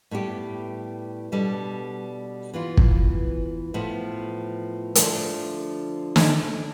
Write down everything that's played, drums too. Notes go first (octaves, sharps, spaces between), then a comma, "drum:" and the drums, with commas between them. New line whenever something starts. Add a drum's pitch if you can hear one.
A2 G3 B3 E4 G4
B2 G3 B3 D4 A4
E3 B3 F4
drum: kick
A2 F3 B3
D3 F3 A3, drum: hi-hat
A3 D4 A4, drum: snare